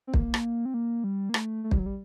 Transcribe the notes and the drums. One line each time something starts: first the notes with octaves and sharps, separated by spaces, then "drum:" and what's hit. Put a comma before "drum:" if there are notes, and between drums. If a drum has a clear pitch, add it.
C4
A#3, drum: kick
drum: rim click
C4
A#3
G3
A#3
A3, drum: rim click
A3
G3, drum: kick
F#3
G3